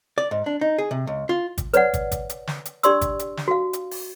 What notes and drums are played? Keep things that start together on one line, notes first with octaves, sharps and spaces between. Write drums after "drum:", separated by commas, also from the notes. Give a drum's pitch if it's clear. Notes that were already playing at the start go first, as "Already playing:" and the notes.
D5
G#2
D4
D#4
G#4
C3
C#2
F4
drum: kick, hi-hat
B4 C#5 D5 F#5, drum: hi-hat
drum: kick, hi-hat
drum: kick, hi-hat
drum: hi-hat
drum: snare
drum: hi-hat
D4 G4 D5 C6 E6, drum: hi-hat
drum: kick, hi-hat
drum: hi-hat
drum: snare
F#4 F5
drum: hi-hat
drum: open hi-hat